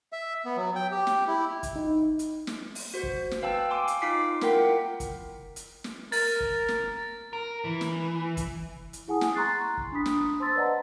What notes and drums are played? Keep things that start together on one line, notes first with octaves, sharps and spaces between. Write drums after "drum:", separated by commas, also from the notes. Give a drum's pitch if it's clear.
E5
B3
F#3
G5
G4
drum: snare
E4
drum: kick, hi-hat
D#4
drum: hi-hat
drum: snare
drum: open hi-hat
F#4 C5
drum: kick
drum: snare
B4 F5 G5 A5 E6
F5 G#5 C6 D6
drum: hi-hat
D#4 F4 F5 D6 B6 C7
E4 F4 A#4 F#5 G5 B6, drum: snare
drum: kick, hi-hat
drum: hi-hat
drum: snare
A#4 A6, drum: open hi-hat
drum: kick
drum: snare
A#4
E3
drum: snare
drum: kick, hi-hat
drum: hi-hat
E4 G#4 F#5 G#5 A5 D#6
drum: snare
A#5 C6 C#6 F#6 A6 C7
C6
drum: kick
D4 B5 D#6 B6
drum: snare
C5 A5 C6 E6 A6
B4 D5 D#5 F#5 A5 A#5